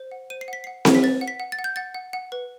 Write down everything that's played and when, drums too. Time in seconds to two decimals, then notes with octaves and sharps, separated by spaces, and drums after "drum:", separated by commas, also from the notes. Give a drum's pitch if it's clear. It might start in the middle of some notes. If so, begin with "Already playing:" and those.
Already playing: C5
0.11 F#5
0.30 C5 D#7
0.41 C7
0.48 F#5 B6
0.64 F#5 C7
0.85 F#5, drum: snare C4
0.95 B6
1.03 B4 A6
1.21 F#5
1.28 B6
1.40 F#5
1.52 A6
1.59 F#5
1.64 G6
1.76 F#5 A6
1.95 F#5
2.13 F#5
2.32 B4